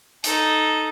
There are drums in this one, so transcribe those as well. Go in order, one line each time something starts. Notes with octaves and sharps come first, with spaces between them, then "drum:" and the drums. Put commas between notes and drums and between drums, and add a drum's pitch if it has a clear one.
D#4 A4, drum: hi-hat